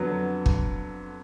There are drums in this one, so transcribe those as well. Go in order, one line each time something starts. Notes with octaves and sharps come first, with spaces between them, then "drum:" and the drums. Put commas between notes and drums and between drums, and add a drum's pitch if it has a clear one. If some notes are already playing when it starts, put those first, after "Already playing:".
Already playing: F2 D3 F#3 B3
drum: kick